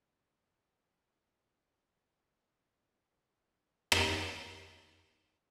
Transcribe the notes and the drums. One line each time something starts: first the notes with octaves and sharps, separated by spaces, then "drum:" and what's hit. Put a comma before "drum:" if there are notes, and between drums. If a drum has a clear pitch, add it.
F#3
C3
G#5
drum: rim click
C#6